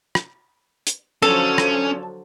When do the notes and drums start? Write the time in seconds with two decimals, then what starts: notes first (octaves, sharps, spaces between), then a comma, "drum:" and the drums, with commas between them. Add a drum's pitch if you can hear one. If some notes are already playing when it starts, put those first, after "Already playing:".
0.15 drum: rim click
0.87 drum: hi-hat
1.22 D3 F3 F#3 C#4 A4
1.58 drum: rim click